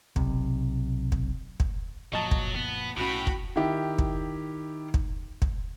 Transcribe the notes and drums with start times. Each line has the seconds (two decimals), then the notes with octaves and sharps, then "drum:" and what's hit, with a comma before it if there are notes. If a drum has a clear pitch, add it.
0.16 B1 C3, drum: kick
1.12 drum: kick
1.60 drum: kick
2.13 F#1 A#2 F3 F#3 D#5 A5
2.31 drum: kick
2.55 B3
2.97 B1 A2 C#4 F#4 G5 B5
3.27 drum: kick
3.56 D#3 E4 G4
3.98 drum: kick
4.94 drum: kick
5.42 drum: kick